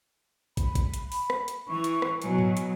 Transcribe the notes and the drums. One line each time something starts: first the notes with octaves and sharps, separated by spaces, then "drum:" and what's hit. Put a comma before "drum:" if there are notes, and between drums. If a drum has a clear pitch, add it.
B5, drum: kick, hi-hat
drum: kick, hi-hat
drum: hi-hat
drum: open hi-hat
drum: rim click
drum: hi-hat
E3 C#6
drum: hi-hat
drum: rim click
B2 F#3 G#5, drum: hi-hat
drum: tom G#2
drum: hi-hat